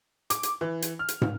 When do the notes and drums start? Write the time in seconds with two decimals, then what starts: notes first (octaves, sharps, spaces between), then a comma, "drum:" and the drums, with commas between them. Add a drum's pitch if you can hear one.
0.30 D6, drum: hi-hat
0.43 drum: hi-hat
0.61 E3
0.82 drum: hi-hat
0.99 F6
1.08 drum: hi-hat
1.22 drum: tom